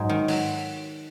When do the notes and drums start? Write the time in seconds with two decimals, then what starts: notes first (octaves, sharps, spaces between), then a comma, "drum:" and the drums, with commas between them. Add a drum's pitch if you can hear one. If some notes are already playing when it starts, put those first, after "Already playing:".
Already playing: G#2 F#3 D#4
0.09 D#3
0.28 F#3, drum: open hi-hat